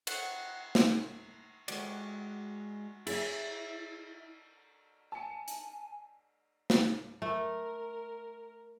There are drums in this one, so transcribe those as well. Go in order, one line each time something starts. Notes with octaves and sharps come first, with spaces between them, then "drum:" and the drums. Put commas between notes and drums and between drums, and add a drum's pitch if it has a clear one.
F#5, drum: cymbal
drum: snare
G#3 F#4 D5, drum: cymbal
E4 G#4 C#5 E5, drum: cymbal
G#5 A5 C#7
drum: hi-hat
drum: snare
A3 A#4